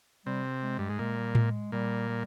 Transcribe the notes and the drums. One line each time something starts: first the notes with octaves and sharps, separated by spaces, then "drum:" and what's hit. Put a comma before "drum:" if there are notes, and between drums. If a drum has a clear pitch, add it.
C3 G3
G#3
G2
G#2
A#2 G#3
G3
G#3, drum: tom A2
A#2 G3
G3